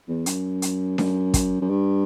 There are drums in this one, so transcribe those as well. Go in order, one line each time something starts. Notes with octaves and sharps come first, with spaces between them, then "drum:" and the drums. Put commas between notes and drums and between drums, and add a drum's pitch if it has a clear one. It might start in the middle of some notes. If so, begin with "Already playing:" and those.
E2
F#2, drum: hi-hat
drum: hi-hat
F#2, drum: snare D4
drum: kick, hi-hat
F#2
G2